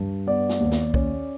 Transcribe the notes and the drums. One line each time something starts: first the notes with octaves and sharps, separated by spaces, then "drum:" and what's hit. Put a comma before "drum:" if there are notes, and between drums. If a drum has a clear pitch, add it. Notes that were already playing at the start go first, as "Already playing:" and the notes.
Already playing: G2
B3 D5
drum: snare
D#2
drum: snare
C#4, drum: kick B1